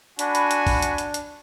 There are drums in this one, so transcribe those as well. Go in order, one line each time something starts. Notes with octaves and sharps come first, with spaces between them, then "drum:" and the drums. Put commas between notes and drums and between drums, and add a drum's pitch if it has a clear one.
D4 F#4 G#5 B5, drum: hi-hat
drum: hi-hat
drum: hi-hat
drum: kick, open hi-hat
drum: hi-hat
drum: hi-hat
drum: hi-hat